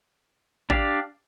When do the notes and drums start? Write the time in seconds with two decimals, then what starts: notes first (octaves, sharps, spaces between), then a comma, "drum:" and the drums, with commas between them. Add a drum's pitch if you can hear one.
0.70 D4 G4 D5 F5, drum: kick G#1